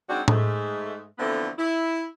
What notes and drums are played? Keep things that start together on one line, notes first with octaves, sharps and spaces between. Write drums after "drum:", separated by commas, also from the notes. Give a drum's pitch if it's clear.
F#3 G#3 C4 D4 D#4 F#4
G#2 G#3 A3, drum: tom A2
D3 E3 F3 A3 B3 C4
E4